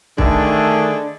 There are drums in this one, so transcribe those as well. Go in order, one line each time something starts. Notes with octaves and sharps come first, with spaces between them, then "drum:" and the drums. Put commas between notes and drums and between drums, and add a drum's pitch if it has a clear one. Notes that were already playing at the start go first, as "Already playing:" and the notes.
D3 D#3 A3 D4 G#4 A4, drum: kick